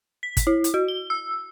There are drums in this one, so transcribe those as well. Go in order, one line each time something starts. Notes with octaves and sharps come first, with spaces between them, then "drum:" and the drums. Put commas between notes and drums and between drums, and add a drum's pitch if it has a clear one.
B6
drum: kick, hi-hat
E4
drum: hi-hat
F#4
G7
E6